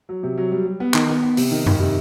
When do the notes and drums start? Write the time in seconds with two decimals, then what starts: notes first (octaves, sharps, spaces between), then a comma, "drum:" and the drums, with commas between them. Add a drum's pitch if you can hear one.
0.09 F#3
0.23 C3
0.38 F#3
0.51 G3
0.65 G3
0.80 B3
0.94 D#3, drum: clap
1.09 B3
1.23 B3
1.37 C3, drum: open hi-hat
1.51 D#3
1.66 D#3, drum: tom F2
1.80 C3